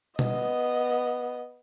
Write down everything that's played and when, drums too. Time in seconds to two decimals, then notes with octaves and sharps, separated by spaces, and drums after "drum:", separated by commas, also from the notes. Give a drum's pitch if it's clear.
0.19 B3 D#5, drum: tom